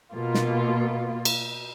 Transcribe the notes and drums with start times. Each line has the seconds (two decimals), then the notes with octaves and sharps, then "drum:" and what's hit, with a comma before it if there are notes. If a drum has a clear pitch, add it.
0.14 B2 A#3 F4
0.34 drum: snare
1.25 drum: cymbal